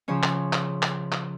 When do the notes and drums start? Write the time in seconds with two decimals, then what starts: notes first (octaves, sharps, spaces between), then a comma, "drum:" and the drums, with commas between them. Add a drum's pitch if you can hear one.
0.08 C#3 F3 C#4 C#5
0.23 drum: clap
0.53 drum: clap
0.82 drum: clap
1.12 drum: clap